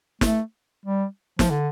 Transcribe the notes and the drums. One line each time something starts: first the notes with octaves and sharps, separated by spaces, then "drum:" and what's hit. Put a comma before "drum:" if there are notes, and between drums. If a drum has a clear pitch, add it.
A3, drum: snare
G3
F3, drum: snare
D3